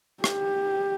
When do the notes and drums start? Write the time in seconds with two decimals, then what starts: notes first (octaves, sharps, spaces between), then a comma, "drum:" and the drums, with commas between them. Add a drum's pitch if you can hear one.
0.24 G4, drum: rim click